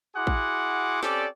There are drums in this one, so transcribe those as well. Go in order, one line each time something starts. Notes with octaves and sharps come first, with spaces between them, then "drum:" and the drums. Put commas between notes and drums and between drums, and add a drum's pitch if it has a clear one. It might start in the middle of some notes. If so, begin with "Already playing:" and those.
E4 F#4 G#4 F#5 C6 D6
drum: kick A1
C4 C#4 G4 A4 D5, drum: snare